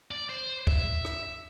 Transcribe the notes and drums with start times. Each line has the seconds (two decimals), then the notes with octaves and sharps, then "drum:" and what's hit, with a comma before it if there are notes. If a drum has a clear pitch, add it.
0.11 D5
0.30 C5
0.67 E5, drum: kick
1.05 drum: rim click